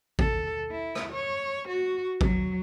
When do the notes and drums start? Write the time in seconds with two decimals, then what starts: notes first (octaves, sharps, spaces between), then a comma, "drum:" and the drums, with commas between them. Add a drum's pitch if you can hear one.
0.19 A4, drum: kick A1
0.71 E4
0.95 drum: rim click
1.12 C#5
1.68 F#4
2.21 F#3, drum: kick A1